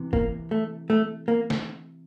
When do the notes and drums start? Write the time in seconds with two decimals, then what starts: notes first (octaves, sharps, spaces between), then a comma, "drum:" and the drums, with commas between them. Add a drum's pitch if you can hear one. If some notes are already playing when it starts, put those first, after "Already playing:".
Already playing: C3 E3
0.13 A#3, drum: kick
0.51 A3
0.90 A3
1.28 A#3
1.50 drum: snare